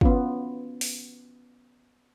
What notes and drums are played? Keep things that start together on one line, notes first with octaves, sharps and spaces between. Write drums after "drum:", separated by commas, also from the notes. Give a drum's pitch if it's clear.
B3 C#4 F4, drum: kick
drum: open hi-hat